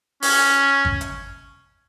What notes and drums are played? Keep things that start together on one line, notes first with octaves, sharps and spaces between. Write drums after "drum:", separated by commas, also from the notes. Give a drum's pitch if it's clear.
C#4, drum: open hi-hat
drum: kick
drum: hi-hat